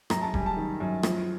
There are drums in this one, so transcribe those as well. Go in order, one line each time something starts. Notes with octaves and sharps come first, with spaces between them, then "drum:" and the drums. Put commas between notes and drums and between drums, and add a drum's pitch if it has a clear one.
F#2 A#5, drum: rim click
A5
G3 G#5, drum: kick D#1
A5
D#3
F#2
F3, drum: rim click